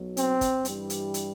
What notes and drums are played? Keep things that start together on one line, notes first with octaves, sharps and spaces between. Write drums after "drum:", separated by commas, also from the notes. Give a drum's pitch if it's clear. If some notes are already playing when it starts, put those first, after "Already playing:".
Already playing: B1 B2 F#3
C4, drum: hi-hat
drum: kick, hi-hat
G2 E3 G3, drum: hi-hat
drum: hi-hat
drum: hi-hat